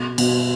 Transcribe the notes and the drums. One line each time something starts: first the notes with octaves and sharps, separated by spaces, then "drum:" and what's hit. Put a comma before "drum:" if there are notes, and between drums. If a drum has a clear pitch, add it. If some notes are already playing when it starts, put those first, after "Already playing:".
Already playing: B2
B2, drum: cymbal